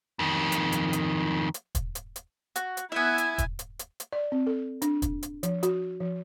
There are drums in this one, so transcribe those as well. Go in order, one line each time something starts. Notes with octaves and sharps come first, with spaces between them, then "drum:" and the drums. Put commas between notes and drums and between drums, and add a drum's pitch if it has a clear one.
F2 D#3
drum: hi-hat
drum: hi-hat
drum: hi-hat
drum: hi-hat
drum: kick, hi-hat
drum: hi-hat
drum: hi-hat
F#4, drum: hi-hat
drum: hi-hat
B3 E4 E5 G#5
drum: hi-hat
drum: kick, hi-hat
drum: hi-hat
drum: hi-hat
drum: hi-hat
D5
C4
A4
D4, drum: hi-hat
drum: kick, hi-hat
drum: hi-hat
F3, drum: hi-hat
F#4, drum: hi-hat
F3